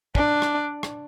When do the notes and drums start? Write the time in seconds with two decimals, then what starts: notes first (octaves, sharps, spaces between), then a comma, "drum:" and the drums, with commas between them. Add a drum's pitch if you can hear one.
0.15 D4, drum: kick
0.42 drum: rim click
0.83 drum: rim click